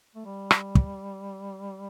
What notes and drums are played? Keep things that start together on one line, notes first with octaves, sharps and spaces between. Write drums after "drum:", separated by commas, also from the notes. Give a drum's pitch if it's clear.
A3
G3
drum: rim click
drum: kick